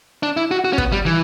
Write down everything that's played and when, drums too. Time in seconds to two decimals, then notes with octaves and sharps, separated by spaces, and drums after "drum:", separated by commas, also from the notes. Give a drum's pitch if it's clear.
0.23 D4
0.37 E4
0.51 F#4
0.65 F#4
0.73 C#4
0.78 B3, drum: kick
0.92 G3
1.06 E3